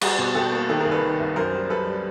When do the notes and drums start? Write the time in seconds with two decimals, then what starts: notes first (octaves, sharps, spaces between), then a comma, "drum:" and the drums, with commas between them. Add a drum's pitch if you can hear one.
0.01 G3 F#4 G#4, drum: cymbal
0.18 B2
0.35 B2 G4 A4
0.52 A#3
0.68 D#3 G4 A4
0.80 G#4 A#4
0.85 C2
0.91 A4 B4
1.02 D#3
1.19 C2
1.36 F#2 A#4 C5
1.53 G3
1.69 F#2 A4 B4
1.87 G3